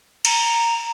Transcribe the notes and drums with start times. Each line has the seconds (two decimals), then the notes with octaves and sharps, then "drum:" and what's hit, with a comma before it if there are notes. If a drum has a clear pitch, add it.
0.25 A#5, drum: cymbal